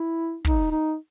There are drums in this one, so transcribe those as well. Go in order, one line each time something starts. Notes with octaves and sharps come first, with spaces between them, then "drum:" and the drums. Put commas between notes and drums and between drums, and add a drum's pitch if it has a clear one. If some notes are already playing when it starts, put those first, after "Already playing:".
Already playing: E4
D#4, drum: kick
D#4